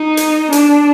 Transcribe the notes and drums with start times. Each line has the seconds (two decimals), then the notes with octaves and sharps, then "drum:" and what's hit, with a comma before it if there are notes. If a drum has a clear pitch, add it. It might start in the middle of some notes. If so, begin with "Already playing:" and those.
Already playing: D#4
0.17 drum: hi-hat
0.52 D4, drum: hi-hat